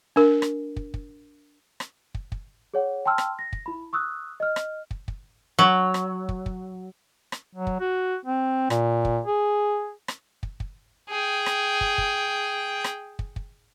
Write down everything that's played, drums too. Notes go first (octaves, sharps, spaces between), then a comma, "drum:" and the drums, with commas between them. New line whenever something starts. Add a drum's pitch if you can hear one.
D4 A#4
drum: rim click
drum: kick
drum: kick
drum: rim click
drum: kick
drum: kick
G#4 C#5 F#5
G5 A5 C6 E6 F6
drum: rim click
A#6
drum: kick
E4 B5
C#6 D#6 E6 F#6
D#5 F6
drum: rim click
drum: kick
drum: kick
F#3
drum: rim click
drum: kick
drum: kick
drum: rim click
F#3
drum: kick
F#4
C4
A#2, drum: rim click
drum: kick
G#4
drum: rim click
drum: kick
drum: kick
G#4 G5
drum: rim click
drum: kick
drum: kick
drum: rim click
drum: kick
drum: kick